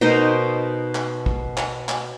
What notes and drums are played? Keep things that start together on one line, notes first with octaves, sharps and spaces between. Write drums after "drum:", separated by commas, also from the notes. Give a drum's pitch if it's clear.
B2 D#4 A#4 C5
drum: clap
drum: kick
drum: clap
drum: clap